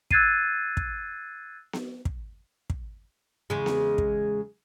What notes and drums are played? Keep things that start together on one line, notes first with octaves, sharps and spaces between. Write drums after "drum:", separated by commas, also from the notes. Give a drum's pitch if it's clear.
E6 F#6 G#6 A6 C7 D#7, drum: kick
drum: kick
drum: snare B3
drum: kick
drum: kick
E2 C#3 G#3
drum: snare B3
drum: kick